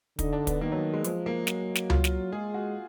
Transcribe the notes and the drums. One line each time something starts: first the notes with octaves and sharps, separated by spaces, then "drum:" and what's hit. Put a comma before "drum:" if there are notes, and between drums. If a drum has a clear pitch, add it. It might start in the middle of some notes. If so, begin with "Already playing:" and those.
D3 D#4, drum: kick, hi-hat
D4
B3, drum: kick, hi-hat
D#3 A#3
F#3
G#3
F3 G#3, drum: hi-hat
A#3
F#3, drum: snare
drum: snare
F4, drum: tom C#2
drum: snare
G#3 G#4
F#4